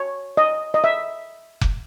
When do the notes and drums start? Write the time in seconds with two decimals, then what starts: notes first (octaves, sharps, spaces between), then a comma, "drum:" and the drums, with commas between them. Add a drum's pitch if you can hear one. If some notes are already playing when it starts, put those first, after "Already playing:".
Already playing: C#5
0.37 D#5
0.74 D#5
0.84 E5
1.61 drum: kick F1